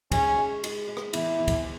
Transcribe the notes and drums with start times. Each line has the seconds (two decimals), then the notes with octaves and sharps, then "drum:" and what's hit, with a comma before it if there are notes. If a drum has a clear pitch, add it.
0.12 G#3 C#4, drum: kick, cymbal
0.38 G#3
0.64 G#3, drum: cymbal
0.88 G#3
0.97 drum: rim click
1.13 E2 E4, drum: cymbal
1.39 E2
1.48 drum: kick, cymbal